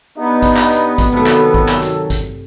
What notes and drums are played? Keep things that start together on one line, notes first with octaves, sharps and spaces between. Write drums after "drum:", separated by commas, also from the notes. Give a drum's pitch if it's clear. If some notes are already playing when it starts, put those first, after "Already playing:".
B3 D4 D#4 G4 D#5
drum: kick G#1, hi-hat
drum: clap
drum: hi-hat
drum: kick G#1, hi-hat
C3 D#3 F#3 A3 A4
drum: clap
drum: kick G#1
drum: clap
drum: hi-hat
drum: kick G#1, hi-hat